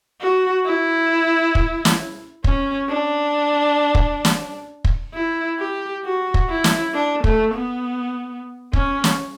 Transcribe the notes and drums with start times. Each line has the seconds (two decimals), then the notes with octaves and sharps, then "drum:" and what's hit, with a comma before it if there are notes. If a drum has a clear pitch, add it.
0.21 F#4
0.66 E4
1.55 drum: kick
1.85 drum: snare
2.44 C#4, drum: kick
2.89 D4
3.95 drum: kick
4.25 drum: snare
4.85 drum: kick
5.14 E4
5.59 G4
6.04 F#4
6.34 drum: kick
6.49 E4
6.64 drum: snare
6.94 D4
7.24 A3, drum: kick
7.54 B3
8.73 C#4, drum: kick
9.04 drum: snare